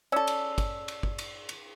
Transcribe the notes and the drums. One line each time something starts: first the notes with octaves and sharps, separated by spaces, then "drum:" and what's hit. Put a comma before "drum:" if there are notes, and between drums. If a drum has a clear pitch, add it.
C#4 A4 D5 E6
drum: cymbal
drum: kick, cymbal
drum: cymbal
drum: kick
drum: cymbal
drum: cymbal